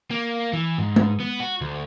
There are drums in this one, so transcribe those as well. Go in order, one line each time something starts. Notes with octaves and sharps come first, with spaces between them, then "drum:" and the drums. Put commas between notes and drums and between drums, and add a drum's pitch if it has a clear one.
A#3
E3
G#2
drum: tom G#3
B3
F#4
D2